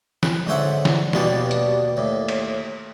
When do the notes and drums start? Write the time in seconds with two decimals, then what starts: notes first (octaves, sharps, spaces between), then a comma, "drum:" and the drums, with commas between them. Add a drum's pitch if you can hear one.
0.23 B4, drum: snare
0.47 G#2 D3 C#4 C5 E5 F#5
0.85 drum: snare
1.13 D#2 B2 G3 A#3 B3 D4, drum: snare
1.51 drum: hi-hat
1.97 D#2 A2
2.28 drum: cymbal